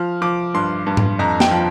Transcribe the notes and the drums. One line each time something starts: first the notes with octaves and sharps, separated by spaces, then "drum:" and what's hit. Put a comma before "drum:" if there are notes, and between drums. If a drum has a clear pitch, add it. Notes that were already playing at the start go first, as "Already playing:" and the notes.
Already playing: F3 F6
F3 D6
G2 C6
G2
drum: tom G#2
F2 A#5
G5, drum: snare
F3